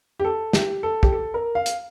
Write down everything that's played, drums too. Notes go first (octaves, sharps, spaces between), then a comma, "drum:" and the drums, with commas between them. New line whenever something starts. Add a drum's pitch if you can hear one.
G4
A4
G4, drum: snare
A4
G4, drum: kick
A4
A#4
F5
drum: hi-hat